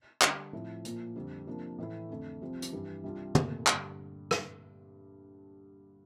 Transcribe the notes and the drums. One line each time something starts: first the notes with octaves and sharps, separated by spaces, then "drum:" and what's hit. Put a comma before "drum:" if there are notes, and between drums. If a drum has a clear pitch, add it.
D3 G3 D4, drum: clap
A2 F3 C4 E4
A#2 F3 A#3 F4, drum: hi-hat
F2 D3 G3 C4
C3 F3 A#3 D4
A2 E3 A3 E4
F2 D3 A3
C2 C3 F3 C4
drum: hi-hat
G2 E3 G3
C2 C3 G3 D4 F4
C2 A#2 A3, drum: tom
G2 D3 G3, drum: clap
drum: rim click